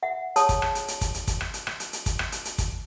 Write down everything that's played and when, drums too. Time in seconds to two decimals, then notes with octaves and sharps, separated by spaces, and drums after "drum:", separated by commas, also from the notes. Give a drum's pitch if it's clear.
0.03 E5 F#5
0.36 G#4 C#5 A5 D#6, drum: hi-hat
0.49 drum: kick, hi-hat
0.62 drum: rim click
0.75 drum: hi-hat
0.88 drum: hi-hat
1.01 drum: kick, hi-hat
1.14 drum: hi-hat
1.27 drum: kick, hi-hat
1.41 drum: rim click
1.54 drum: hi-hat
1.67 drum: rim click
1.80 drum: hi-hat
1.93 drum: hi-hat
2.06 drum: kick, hi-hat
2.19 drum: rim click
2.32 drum: hi-hat
2.45 drum: hi-hat
2.58 drum: kick, hi-hat